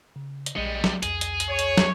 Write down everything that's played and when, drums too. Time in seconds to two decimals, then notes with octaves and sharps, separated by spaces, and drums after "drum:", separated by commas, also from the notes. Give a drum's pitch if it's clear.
0.16 C#3
0.46 drum: hi-hat
0.56 A#1 G3 G#3 D#5 C#7
0.84 drum: snare
1.03 C2 F2 G#4, drum: hi-hat
1.21 drum: hi-hat
1.40 drum: hi-hat
1.49 C#5
1.59 drum: hi-hat
1.77 drum: snare